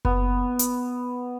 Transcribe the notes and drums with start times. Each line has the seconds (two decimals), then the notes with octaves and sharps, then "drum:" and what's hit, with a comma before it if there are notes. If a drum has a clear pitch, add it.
0.05 B3, drum: kick F#1
0.59 drum: hi-hat